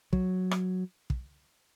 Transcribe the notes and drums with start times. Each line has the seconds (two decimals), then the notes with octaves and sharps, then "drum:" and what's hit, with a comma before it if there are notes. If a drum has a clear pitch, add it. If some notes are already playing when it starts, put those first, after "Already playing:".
0.13 F#3, drum: kick
0.51 drum: rim click
1.10 drum: kick